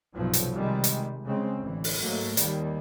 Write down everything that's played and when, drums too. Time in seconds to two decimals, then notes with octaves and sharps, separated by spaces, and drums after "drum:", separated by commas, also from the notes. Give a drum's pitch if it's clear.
0.15 B1 G2 C3 F3 F#3
0.33 drum: hi-hat
0.53 C3 D#3 G3 G#3
0.84 drum: hi-hat
1.25 C#3 G#3 C4
1.59 A1 D3 E3
1.84 drum: open hi-hat
1.99 G#2 F#3 A3 A#3
2.37 D#2 D#3 G3 A#3, drum: hi-hat